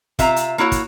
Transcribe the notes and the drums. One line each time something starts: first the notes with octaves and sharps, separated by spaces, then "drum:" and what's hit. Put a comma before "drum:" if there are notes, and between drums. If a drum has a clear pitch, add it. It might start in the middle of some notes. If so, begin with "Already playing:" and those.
C3 F4 E5 A#5, drum: kick, hi-hat
drum: hi-hat
A#3 E4 F#4 C#5
drum: kick, hi-hat